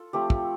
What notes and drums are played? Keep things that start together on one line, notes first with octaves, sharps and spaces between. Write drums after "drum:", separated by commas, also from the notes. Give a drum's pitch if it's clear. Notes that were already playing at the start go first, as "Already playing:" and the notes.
Already playing: F4 A4
F3 A3 C4 G4
drum: kick